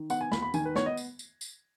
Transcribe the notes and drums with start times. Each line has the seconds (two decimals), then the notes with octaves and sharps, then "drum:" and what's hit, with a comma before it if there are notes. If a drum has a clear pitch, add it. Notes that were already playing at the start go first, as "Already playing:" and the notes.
Already playing: D#3
0.10 B3 F#5, drum: tambourine
0.21 G#5
0.32 D#2 B5, drum: snare
0.42 B5
0.54 D#3 G#5, drum: tambourine
0.65 B4
0.75 B3 C#5, drum: snare
0.86 D#5
0.97 drum: tambourine
1.19 drum: tambourine
1.41 drum: tambourine